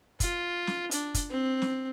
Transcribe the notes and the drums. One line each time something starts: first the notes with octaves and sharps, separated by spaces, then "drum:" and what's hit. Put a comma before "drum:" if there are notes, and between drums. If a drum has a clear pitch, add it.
F4, drum: kick, hi-hat
drum: snare
D4, drum: hi-hat
drum: kick, hi-hat
C4
drum: snare